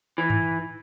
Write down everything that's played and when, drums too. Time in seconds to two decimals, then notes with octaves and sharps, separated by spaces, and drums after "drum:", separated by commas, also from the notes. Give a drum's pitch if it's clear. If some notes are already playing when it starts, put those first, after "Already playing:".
0.18 E3
0.30 drum: tom G2